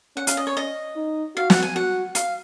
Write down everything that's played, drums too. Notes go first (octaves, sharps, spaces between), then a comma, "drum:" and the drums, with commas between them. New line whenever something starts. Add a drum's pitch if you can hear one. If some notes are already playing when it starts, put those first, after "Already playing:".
C#4 F#5
F5, drum: hi-hat
D#5
C#5
D#5
D#4
F#4 F5
F#5, drum: snare
G#5
F#4 F#5
F5, drum: hi-hat